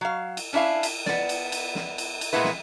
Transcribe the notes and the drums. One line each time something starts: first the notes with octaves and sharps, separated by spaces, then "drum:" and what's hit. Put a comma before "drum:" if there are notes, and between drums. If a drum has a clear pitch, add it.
F#3 F5
drum: cymbal
C#4 D4 E4 E5 F5
drum: cymbal
B3 D5, drum: snare
drum: cymbal
drum: cymbal
drum: snare
drum: cymbal
drum: cymbal
A#2 G#3 A#3 B3 E4 B4
drum: snare